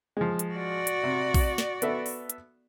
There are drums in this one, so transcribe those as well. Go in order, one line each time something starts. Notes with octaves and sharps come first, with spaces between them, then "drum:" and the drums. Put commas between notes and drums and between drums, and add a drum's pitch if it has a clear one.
F3 G#3
drum: hi-hat
F#4 D5
drum: hi-hat
C3
drum: kick A#1, open hi-hat
drum: snare
B3 A4 E5, drum: hi-hat
drum: open hi-hat
drum: hi-hat